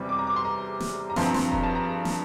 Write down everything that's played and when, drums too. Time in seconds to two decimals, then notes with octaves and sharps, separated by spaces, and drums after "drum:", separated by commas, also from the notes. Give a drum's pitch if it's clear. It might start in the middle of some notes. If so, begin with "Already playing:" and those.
Already playing: E2 C3 G3
0.09 D6
0.19 A#5
0.27 D6
0.36 C6
0.45 A#5
0.80 drum: snare
1.10 A#5
1.16 G2 F3 C4 C6, drum: snare
1.25 A#5
1.34 C6, drum: snare
1.52 A#5, drum: kick E1
1.63 A5
1.75 A#5
2.05 drum: snare